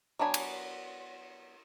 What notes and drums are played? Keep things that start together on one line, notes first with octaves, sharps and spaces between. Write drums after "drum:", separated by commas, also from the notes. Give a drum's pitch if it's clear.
F#3 B3 D4 G#5 B5
drum: cymbal